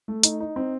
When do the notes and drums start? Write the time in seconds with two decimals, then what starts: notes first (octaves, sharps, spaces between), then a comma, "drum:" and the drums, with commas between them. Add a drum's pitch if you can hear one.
0.08 A3
0.23 D#4, drum: hi-hat
0.40 D#4
0.56 C4